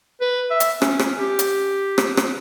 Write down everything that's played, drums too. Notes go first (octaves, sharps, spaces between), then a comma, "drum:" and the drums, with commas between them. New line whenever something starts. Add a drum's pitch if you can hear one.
B4
E5
drum: hi-hat
C#4, drum: rim click
drum: rim click
G4
drum: hi-hat
drum: rim click
drum: rim click